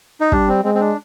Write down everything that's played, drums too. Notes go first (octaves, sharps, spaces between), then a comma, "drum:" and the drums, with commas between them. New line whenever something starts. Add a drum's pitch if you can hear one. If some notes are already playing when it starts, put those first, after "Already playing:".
D#4
G3 D4, drum: kick
C4
G#3 C4
C4
D4